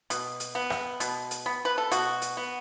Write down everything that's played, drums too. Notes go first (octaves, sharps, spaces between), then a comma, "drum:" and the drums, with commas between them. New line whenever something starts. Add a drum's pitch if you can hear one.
B2, drum: hi-hat
drum: hi-hat
B3
drum: rim click
B2, drum: hi-hat
drum: hi-hat
B3
B4
A4
B2 F#4, drum: hi-hat
drum: hi-hat
B3